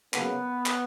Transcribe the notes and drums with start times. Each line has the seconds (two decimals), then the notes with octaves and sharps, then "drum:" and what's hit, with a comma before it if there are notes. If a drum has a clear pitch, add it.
0.14 C#3 F#3 A#3 B3, drum: clap
0.66 drum: clap